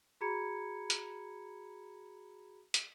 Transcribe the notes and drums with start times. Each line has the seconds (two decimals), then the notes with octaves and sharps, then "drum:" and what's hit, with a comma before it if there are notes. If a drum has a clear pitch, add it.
0.21 F#4 G#4 A#5 B5 G#6 C#7
0.90 drum: hi-hat
2.74 drum: hi-hat